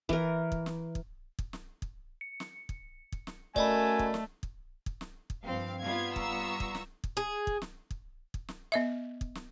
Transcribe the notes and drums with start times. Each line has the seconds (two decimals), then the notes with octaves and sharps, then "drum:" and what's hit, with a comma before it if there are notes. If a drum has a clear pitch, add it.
0.09 E3 A#4, drum: kick
0.52 drum: kick
0.66 drum: snare
0.95 drum: kick
1.39 drum: kick
1.53 drum: snare
1.82 drum: kick
2.21 C#7
2.40 drum: snare
2.69 drum: kick
3.12 drum: kick
3.27 drum: snare
3.56 A3 C#4 F#4 A#4 D5 D#5 G#5 B5, drum: kick
3.99 drum: kick
4.14 drum: snare
4.43 drum: kick
4.86 drum: kick
5.01 drum: snare
5.30 drum: kick
5.45 G2 F3 C4 F5
5.82 G3 B3 F4 F5 G#6
6.16 A#5 C#6 E6, drum: kick
6.60 drum: kick
6.75 drum: snare
7.04 drum: kick
7.17 G#4
7.47 drum: kick
7.62 drum: snare
7.91 drum: kick
8.34 drum: kick
8.48 drum: snare
8.72 B3 D#5 E5
9.21 drum: kick
9.35 drum: snare